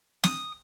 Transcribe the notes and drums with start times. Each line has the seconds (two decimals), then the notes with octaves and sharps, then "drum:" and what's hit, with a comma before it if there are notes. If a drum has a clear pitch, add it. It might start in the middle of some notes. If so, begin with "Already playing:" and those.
0.24 D#6, drum: snare